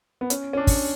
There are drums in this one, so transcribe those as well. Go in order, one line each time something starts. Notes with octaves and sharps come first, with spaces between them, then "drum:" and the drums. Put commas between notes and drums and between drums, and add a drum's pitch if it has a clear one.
B3
C#4, drum: hi-hat
C#4
D4
drum: kick, open hi-hat